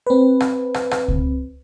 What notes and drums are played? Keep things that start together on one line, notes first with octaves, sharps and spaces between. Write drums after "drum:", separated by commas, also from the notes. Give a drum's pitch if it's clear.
C4 B4
drum: rim click
drum: rim click
drum: rim click
drum: kick C#2